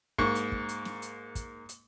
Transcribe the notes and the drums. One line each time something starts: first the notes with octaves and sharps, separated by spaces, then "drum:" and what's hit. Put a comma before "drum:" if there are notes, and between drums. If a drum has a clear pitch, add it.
G#2 A#3 C#6, drum: kick
drum: hi-hat
drum: kick
drum: hi-hat
drum: snare
drum: hi-hat
drum: kick, hi-hat
drum: hi-hat